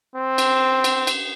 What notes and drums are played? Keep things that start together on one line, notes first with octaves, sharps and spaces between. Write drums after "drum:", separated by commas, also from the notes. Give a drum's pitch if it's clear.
C4
drum: cymbal
drum: cymbal
drum: cymbal